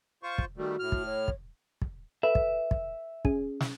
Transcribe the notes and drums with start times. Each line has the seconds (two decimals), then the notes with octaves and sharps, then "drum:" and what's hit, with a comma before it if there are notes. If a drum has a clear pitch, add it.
0.23 F4 C5 C#6
0.38 drum: kick
0.57 D#3 G3 A3 F#4
0.79 A2 F6
0.92 drum: kick
1.05 C#5
1.28 drum: kick
1.82 drum: kick
2.23 A4 B4 E5
2.35 drum: kick
2.71 drum: kick
3.25 C#4 G#4, drum: kick
3.60 drum: snare